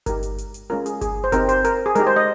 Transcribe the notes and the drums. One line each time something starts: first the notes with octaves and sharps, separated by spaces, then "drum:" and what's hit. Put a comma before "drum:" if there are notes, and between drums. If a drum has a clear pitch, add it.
G#3 D#4 G4 A#4, drum: kick G1, hi-hat
drum: hi-hat
drum: hi-hat
drum: hi-hat
G#3 C#4 F4 A#4
G#4, drum: hi-hat
G#4, drum: kick G1, hi-hat
C5
C4 D#4 G4 A#4, drum: kick G1, hi-hat
C5, drum: hi-hat
A#4, drum: hi-hat
G#4
G#3 D#4 G4 A#4, drum: hi-hat
C5
D#5